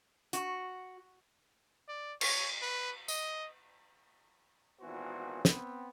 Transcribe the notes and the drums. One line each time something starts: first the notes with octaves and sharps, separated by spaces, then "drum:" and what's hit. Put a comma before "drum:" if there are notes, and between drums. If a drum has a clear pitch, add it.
F#4, drum: hi-hat
D5
C#5, drum: cymbal
B4
D#5, drum: tambourine
G#1 A#2 E3 B3 F#4 C5
B3 C4, drum: snare